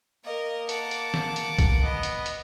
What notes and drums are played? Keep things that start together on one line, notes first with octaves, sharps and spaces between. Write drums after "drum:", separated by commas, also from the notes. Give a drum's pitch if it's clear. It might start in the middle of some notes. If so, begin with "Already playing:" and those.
A#3 A#4 D#5
F#5 A5 D6, drum: hi-hat
drum: hi-hat
drum: snare
drum: hi-hat
drum: kick, hi-hat
B3 D#5
drum: hi-hat
drum: hi-hat